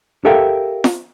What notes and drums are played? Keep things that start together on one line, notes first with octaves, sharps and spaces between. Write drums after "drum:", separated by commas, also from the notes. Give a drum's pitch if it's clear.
G4 A4 A#4 E5 F5 G5
drum: snare